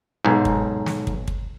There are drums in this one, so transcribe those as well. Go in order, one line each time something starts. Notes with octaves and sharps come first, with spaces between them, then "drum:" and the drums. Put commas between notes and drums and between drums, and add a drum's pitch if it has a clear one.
B1 G#2
drum: kick
drum: snare
drum: kick
drum: kick